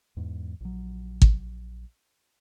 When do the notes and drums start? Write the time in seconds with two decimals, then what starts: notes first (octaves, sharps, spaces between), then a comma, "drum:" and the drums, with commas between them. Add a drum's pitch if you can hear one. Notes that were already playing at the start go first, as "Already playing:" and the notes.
0.17 E2 G#2
0.60 A#1 F#3
1.22 drum: kick